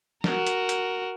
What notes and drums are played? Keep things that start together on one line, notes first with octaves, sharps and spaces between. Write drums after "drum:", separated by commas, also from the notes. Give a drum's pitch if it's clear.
F#4 A#4, drum: snare
drum: hi-hat
drum: hi-hat